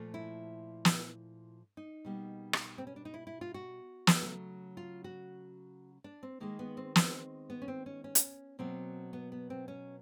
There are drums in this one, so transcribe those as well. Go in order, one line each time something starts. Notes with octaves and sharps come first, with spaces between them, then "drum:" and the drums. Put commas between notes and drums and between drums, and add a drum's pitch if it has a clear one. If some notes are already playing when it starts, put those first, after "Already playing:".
Already playing: A#2 F3 A3
E4
drum: snare
D#4
B2 G3 A#3
drum: rim click
C4
C#4
D4
D#4
E4
E4
F4
F#4
drum: snare
C#3 F#3 A3
F4
F#4
D4
C4
D#3 G#3 A#3
B3
C4
C4, drum: snare
B3
C#4
C4
C#4
C#4
drum: hi-hat
B2 F#3 A#3 C4
B3
B3
C4
C#4